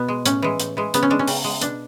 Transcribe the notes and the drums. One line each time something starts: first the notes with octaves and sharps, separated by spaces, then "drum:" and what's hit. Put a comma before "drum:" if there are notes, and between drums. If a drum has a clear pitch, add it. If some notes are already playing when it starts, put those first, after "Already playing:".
Already playing: B2 B3
G#3
A2 C#4, drum: hi-hat
E3 G#3
A2, drum: hi-hat
E3 G#3
C#3 B3, drum: hi-hat
C#4
G#3 D4
C#4
C#3, drum: open hi-hat
G#3
B2 D4, drum: hi-hat